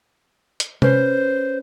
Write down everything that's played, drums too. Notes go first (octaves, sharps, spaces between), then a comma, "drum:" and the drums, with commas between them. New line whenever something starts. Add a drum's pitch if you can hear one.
drum: hi-hat
C#4 B4 C5, drum: tom C3